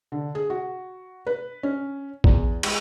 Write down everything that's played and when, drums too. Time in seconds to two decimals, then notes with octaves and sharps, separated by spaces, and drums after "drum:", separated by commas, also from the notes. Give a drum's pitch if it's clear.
0.12 D3
0.35 G#4
0.50 F#4
1.26 B4
1.63 C#4
2.24 E2, drum: kick
2.63 G#3, drum: cymbal